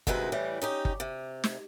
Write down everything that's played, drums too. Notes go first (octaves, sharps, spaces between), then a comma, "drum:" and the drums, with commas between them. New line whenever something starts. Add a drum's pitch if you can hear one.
D2 C3 D#3 G#3 E4 B4, drum: kick G1
A2 E3 G3
C#4 D#4 G4
drum: kick G1
C3
drum: snare